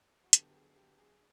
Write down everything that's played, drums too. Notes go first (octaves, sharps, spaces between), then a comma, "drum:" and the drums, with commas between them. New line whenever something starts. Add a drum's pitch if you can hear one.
F#4
D3 F#3 B3 D4 G4, drum: hi-hat
G4
G#4
G4
G#4